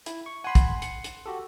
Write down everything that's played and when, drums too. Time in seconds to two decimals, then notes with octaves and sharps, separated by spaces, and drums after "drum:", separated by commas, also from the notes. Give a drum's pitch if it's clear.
0.06 E4, drum: hi-hat
0.26 C#6
0.44 F#5 G#5 B5 C6
0.55 drum: kick, hi-hat
0.82 C#7, drum: hi-hat
1.04 drum: hi-hat
1.26 F#4 G4 A4